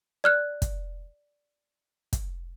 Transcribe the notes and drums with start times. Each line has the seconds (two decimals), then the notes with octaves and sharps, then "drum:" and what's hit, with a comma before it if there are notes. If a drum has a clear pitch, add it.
0.24 D5 F6 F#6
0.62 drum: kick, hi-hat
2.13 drum: kick, hi-hat